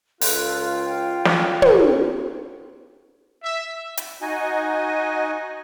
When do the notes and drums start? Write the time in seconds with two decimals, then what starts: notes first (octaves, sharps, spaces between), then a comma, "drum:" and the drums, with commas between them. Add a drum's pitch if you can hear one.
0.21 C#2 F4 A4 F#6, drum: open hi-hat
0.71 G5
1.25 drum: snare
1.62 F#4, drum: tom
3.43 E5
3.97 drum: hi-hat
4.22 D#4 F#4 D#5 G#5